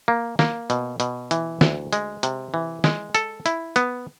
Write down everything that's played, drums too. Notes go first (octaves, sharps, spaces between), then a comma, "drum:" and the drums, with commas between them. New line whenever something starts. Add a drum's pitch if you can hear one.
A#3
A#3, drum: snare
B2, drum: hi-hat
B2, drum: hi-hat
E3, drum: hi-hat
D2, drum: snare
G#3, drum: hi-hat
C3, drum: hi-hat
E3
G#3, drum: snare
A4, drum: hi-hat
E4, drum: hi-hat
B3, drum: hi-hat